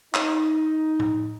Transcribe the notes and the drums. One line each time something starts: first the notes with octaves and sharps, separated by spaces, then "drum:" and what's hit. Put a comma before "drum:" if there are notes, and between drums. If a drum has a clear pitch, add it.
D#4, drum: clap
drum: tom A2